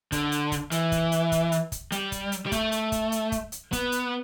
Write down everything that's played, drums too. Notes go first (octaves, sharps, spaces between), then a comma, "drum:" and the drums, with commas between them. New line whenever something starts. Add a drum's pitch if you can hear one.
D3, drum: kick, hi-hat
drum: hi-hat
drum: kick, hi-hat
E3, drum: hi-hat
drum: kick, hi-hat
drum: hi-hat
drum: kick, hi-hat
drum: hi-hat
drum: kick, hi-hat
G3, drum: hi-hat
drum: kick, hi-hat
drum: hi-hat
G3
A3, drum: kick, hi-hat
drum: hi-hat
drum: kick, hi-hat
drum: hi-hat
drum: kick, hi-hat
drum: hi-hat
B3, drum: kick, hi-hat
drum: hi-hat